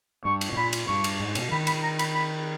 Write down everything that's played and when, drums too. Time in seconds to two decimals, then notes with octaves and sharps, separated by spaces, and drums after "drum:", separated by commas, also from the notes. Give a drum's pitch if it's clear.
0.25 G2 C#6
0.41 drum: cymbal
0.52 B2
0.57 A#2 B5
0.73 drum: cymbal
0.88 G2 C#6
1.04 drum: cymbal
1.20 G#2
1.35 B2, drum: cymbal
1.52 D#3 B5
1.67 B5, drum: cymbal
1.83 A#5
1.99 B5, drum: cymbal
2.14 B5